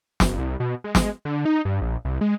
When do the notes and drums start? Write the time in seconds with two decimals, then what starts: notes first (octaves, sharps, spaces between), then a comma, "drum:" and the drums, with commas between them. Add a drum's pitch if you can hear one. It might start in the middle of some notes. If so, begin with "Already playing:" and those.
0.20 F#1, drum: snare
0.39 C2
0.60 B2
0.84 G#3
0.95 drum: snare
1.25 D3
1.45 D#4
1.65 G2
1.82 A#1
2.05 C2
2.21 G#3